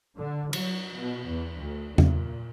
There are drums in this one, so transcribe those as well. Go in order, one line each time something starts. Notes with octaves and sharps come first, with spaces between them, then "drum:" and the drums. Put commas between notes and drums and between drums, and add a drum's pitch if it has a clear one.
D3
F#3, drum: cymbal
B2
E2
D2
A#2, drum: tom E2